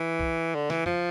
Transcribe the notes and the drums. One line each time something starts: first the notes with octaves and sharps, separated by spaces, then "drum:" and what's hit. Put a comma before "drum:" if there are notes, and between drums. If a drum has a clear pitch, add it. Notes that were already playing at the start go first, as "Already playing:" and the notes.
Already playing: E3
drum: kick B1
D3
E3, drum: snare
F3, drum: tom